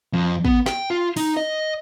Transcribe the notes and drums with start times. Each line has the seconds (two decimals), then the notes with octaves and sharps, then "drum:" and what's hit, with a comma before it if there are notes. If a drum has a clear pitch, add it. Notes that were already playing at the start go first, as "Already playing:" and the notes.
0.13 F2
0.45 B3, drum: kick
0.66 G5, drum: snare
0.90 F4
1.17 D#4, drum: open hi-hat
1.37 D#5